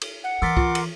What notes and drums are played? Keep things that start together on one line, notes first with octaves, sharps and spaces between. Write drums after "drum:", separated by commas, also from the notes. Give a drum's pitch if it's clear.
drum: cymbal
F#5
E3 A#4 C6 D6 E6 A6 B6
F4, drum: kick C2
drum: cymbal